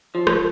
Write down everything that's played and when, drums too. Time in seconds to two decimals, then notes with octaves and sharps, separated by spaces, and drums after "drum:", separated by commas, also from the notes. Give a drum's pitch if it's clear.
0.15 F3
0.27 drum: rim click